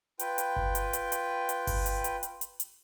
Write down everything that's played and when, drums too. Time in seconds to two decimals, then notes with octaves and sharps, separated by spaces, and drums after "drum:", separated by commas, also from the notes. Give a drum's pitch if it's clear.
0.19 F4 B4 G5, drum: hi-hat
0.38 drum: hi-hat
0.56 drum: kick G1
0.75 drum: hi-hat
0.93 drum: hi-hat
1.12 drum: hi-hat
1.49 drum: hi-hat
1.67 drum: kick G1, open hi-hat
1.86 drum: hi-hat
2.04 drum: hi-hat
2.23 drum: hi-hat
2.41 drum: hi-hat
2.60 drum: hi-hat